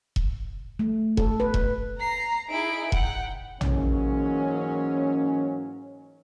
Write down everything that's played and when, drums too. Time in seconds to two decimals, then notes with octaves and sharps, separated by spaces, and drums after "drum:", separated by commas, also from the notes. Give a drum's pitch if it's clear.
0.16 drum: kick E1
0.79 A3
1.17 A4, drum: kick E1
1.40 B4
1.54 drum: kick E1
2.00 A#5 C7
2.49 D#4 E4 G#4 D7
2.92 F#5 G5, drum: kick E1
3.61 G#2 E3 F#3 G#3 A#3 C#4, drum: tom